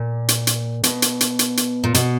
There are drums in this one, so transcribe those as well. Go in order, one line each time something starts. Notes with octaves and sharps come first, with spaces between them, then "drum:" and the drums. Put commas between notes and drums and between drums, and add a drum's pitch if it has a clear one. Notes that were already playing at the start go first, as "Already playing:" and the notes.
Already playing: A#2
drum: hi-hat
drum: hi-hat
B2, drum: hi-hat
drum: hi-hat
drum: hi-hat
drum: hi-hat
drum: hi-hat
A#2
B2, drum: hi-hat